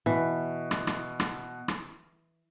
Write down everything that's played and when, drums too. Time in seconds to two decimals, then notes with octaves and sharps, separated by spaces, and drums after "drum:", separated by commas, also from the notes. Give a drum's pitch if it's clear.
0.06 B2 E3
0.71 drum: rim click
0.87 drum: rim click
1.20 drum: rim click
1.68 drum: rim click